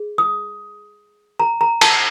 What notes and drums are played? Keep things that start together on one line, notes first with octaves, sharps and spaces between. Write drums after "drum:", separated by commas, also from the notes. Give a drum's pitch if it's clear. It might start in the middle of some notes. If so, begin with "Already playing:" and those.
Already playing: G#4
D#6
A#5
A#5
A5, drum: cymbal